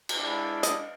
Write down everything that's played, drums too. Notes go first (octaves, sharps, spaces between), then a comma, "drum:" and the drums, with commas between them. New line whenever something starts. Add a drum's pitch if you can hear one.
drum: cymbal
G#3 D4 E4
D#5, drum: hi-hat